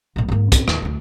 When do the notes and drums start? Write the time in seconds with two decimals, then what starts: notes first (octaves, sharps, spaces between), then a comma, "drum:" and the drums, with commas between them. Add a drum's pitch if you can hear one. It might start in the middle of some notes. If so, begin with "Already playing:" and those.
0.16 B1 A2
0.28 G#2 A#3
0.52 C4 C#4, drum: kick, hi-hat
0.68 D#2, drum: rim click
0.82 D2 A3